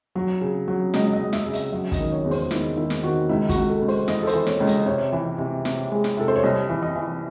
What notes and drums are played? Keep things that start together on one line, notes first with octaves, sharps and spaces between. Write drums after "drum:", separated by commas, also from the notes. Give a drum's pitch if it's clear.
F#3
C#3
F#3
C#2 D#5, drum: snare
D#5
C#2
E5, drum: snare
C#3
E5, drum: hi-hat
F#3 E5
D#5, drum: kick, hi-hat
D#3
C#5
E2
C5, drum: open hi-hat
D#3 E4, drum: snare
D#3 E4
drum: snare
D#3 F#4
C#2 E4
F#4, drum: kick, hi-hat
C#2
A4
C#2
C5, drum: open hi-hat
E3 D#5, drum: snare
A4
C5, drum: hi-hat
E3
C#5, drum: snare
C#2
D#5, drum: hi-hat
C3 C#5
E3
C3
C3, drum: snare
G#3
drum: snare
C3 A4
C5
C#5
C2 D#5
E3
D#5
E3